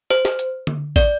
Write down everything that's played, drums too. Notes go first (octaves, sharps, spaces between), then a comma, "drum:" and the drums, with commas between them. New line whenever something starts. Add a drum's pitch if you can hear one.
C5, drum: snare
drum: snare
drum: hi-hat
drum: tom D3
D5, drum: kick A1, open hi-hat